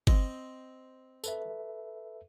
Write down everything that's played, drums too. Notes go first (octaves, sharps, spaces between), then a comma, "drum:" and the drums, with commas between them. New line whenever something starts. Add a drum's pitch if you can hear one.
C4 D#5, drum: kick G1
A4 B4 E5, drum: tambourine